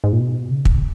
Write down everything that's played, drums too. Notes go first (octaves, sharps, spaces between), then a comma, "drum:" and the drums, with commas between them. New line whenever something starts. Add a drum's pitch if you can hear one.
G#2
A#2
B2
C#3
drum: kick